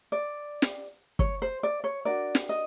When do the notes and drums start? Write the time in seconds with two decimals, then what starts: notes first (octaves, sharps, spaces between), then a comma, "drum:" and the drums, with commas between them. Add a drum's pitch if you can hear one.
0.12 D5
0.62 drum: snare
1.19 C#5, drum: kick
1.42 C5
1.63 D5
1.84 C#5
2.05 D4 F#4 A#4 D5
2.35 drum: snare
2.49 D#5